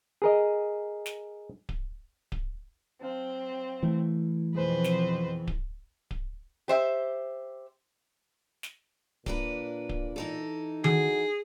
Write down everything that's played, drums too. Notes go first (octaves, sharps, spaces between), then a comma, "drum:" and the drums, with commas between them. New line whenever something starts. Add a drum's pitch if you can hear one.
G#4 A#4 D#5
drum: snare
drum: kick D1
drum: kick D1
F#3 C4 F5 A5
E3 A3
F2 B2 G#3 C4 B4 C5
drum: snare
drum: kick D1
drum: kick D1
G4 C5 E5
drum: snare
A#2 A#3 D4 B4, drum: kick D1
drum: kick D1
E3 D#4 A4
F#4 G#4, drum: tom D#3